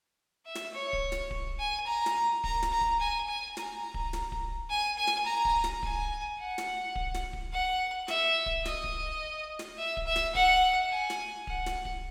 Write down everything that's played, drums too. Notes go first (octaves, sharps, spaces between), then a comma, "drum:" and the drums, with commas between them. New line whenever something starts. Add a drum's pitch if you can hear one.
E5
drum: snare
C#5
drum: kick D1
drum: snare
drum: kick D1
G#5
A#5
drum: snare
A#5, drum: kick D1
drum: snare
A#5
drum: kick D1
G#5
G#5
A#5, drum: snare
drum: kick D1
drum: snare
drum: kick D1
G#5
G#5
drum: snare
A#5
drum: kick D1
drum: snare
G#5, drum: kick D1
F#5
drum: snare
drum: kick D1
drum: snare
drum: kick D1
F#5
E5, drum: snare
drum: kick D1
D#5, drum: snare
drum: kick D1
drum: snare
E5
drum: kick D1
E5
drum: snare
F#5, drum: kick D1
G#5
drum: snare
F#5, drum: kick D1
drum: snare
drum: kick D1